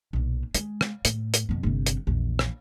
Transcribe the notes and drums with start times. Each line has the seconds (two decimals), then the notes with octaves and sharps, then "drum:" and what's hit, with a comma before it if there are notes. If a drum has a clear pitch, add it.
0.13 B1 A#2
0.55 G#3, drum: hi-hat
0.81 drum: rim click
1.05 A2, drum: hi-hat
1.34 drum: hi-hat
1.49 F2 B2
1.63 G1 C3
1.86 drum: hi-hat
2.07 A#1 E2
2.39 drum: rim click